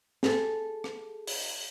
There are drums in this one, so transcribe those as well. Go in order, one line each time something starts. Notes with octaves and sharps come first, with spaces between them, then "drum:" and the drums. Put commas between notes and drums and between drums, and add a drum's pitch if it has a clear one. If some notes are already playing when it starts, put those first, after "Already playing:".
G#4 A4, drum: snare
drum: rim click
drum: open hi-hat